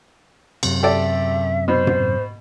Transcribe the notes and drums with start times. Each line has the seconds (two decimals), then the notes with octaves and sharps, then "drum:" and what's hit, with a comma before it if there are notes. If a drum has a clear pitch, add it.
0.63 F#2 C3, drum: cymbal
0.83 G4 A4 D5 E5
1.68 B2 C5
1.87 drum: tom